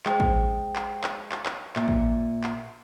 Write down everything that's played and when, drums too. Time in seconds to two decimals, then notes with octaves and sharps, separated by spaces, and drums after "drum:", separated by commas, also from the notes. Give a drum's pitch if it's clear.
0.06 G#3 C5 G5, drum: clap
0.20 drum: kick
0.76 drum: clap
1.04 drum: clap
1.32 drum: clap
1.46 drum: clap
1.76 A#2 E5, drum: clap
1.88 drum: kick
2.44 drum: clap